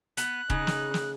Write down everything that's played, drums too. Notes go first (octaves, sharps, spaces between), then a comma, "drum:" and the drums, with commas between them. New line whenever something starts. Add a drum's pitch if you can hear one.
B3 F#6, drum: hi-hat
C#3 D#4, drum: kick D#1
drum: snare
drum: snare